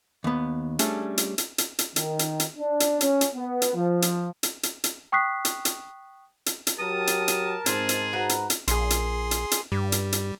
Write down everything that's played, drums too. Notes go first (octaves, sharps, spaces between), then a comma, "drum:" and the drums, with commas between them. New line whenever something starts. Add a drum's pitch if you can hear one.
D#2 B3
G3 A3 C#4 D4 G#4 A4, drum: hi-hat
drum: hi-hat
drum: hi-hat
drum: hi-hat
drum: hi-hat
D#3, drum: hi-hat
drum: hi-hat
drum: hi-hat
D4
drum: hi-hat
C#4, drum: hi-hat
drum: hi-hat
B3
drum: hi-hat
F3
drum: hi-hat
drum: hi-hat
drum: hi-hat
drum: hi-hat
G5 C#6 D#6 F#6 B6 C7
drum: hi-hat
drum: hi-hat
drum: hi-hat
drum: hi-hat
F#3 G4 A#4 A5 D#6
drum: hi-hat
drum: hi-hat
G#2 C4 G#4, drum: hi-hat
drum: hi-hat
F#4 B4 A#5
drum: hi-hat
drum: hi-hat
A#1 G#4 C6, drum: hi-hat
drum: hi-hat
drum: hi-hat
drum: hi-hat
G2 G3
drum: hi-hat
drum: hi-hat